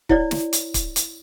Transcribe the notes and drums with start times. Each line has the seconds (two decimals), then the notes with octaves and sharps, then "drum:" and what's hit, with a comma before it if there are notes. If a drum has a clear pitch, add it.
0.09 E4 C#5 D5, drum: kick C#1
0.31 drum: snare
0.53 drum: hi-hat
0.74 drum: kick C#1, hi-hat
0.96 drum: hi-hat